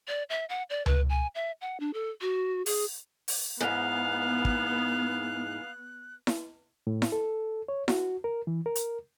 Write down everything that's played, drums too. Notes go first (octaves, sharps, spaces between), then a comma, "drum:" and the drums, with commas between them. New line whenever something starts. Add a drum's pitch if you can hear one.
D5
E5
F#5
D5
B4, drum: tom C#2
G#5
E5
F#5
D4
A4
F#4
G#4, drum: open hi-hat
drum: open hi-hat
E2 G#2 B3 F5 F#6
drum: kick
drum: snare E4
A2
drum: snare E4
A4
C#5
F#4, drum: snare E4
A#4
E3
A#4
drum: hi-hat